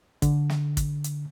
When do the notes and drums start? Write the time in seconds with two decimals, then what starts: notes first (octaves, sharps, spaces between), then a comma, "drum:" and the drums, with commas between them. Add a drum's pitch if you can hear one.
0.22 D3, drum: kick, hi-hat
0.50 drum: snare
0.77 drum: kick, hi-hat
1.04 drum: hi-hat